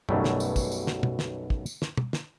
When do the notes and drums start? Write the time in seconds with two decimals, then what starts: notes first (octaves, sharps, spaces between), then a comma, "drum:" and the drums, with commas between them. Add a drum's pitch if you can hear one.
0.09 B1 F#2 B2 F#3 G3 A3, drum: tom
0.24 drum: snare
0.40 drum: tambourine
0.56 drum: kick, tambourine
0.72 drum: tambourine
0.87 drum: snare
1.03 drum: tom
1.19 drum: snare
1.50 drum: kick
1.66 drum: tambourine
1.82 drum: snare
1.97 drum: tom
2.13 drum: snare